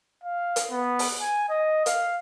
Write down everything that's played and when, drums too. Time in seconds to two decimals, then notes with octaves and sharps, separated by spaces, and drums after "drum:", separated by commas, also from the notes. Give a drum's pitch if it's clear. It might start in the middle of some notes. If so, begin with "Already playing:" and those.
0.24 F5
0.56 drum: hi-hat
0.71 B3
0.99 drum: open hi-hat
1.21 G#5
1.49 D#5
1.86 F5, drum: hi-hat